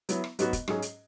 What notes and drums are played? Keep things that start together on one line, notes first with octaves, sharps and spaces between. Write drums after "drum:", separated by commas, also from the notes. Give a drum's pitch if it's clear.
F#3 B3 E4, drum: hi-hat
drum: rim click
G#2 F#3 B3 F#4, drum: hi-hat
drum: kick, hi-hat
G#2 F#3 C#4 G#4, drum: rim click
drum: hi-hat